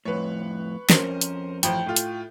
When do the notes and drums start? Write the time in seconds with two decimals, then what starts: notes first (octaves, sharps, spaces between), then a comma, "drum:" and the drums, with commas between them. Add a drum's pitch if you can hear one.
0.05 F2 A2 B4 C#5
0.90 F2 C#4 A#4 C5, drum: snare
1.21 drum: hi-hat
1.63 A1 F3 G5, drum: hi-hat
1.86 A2 F4
1.96 drum: hi-hat